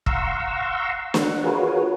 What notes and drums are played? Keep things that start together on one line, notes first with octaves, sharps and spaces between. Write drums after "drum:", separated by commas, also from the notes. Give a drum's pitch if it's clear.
F5 F#5 A#5 C6 C#6 E6, drum: kick
F#5, drum: snare
F4 F#4 G#4 A#4 B4 C#5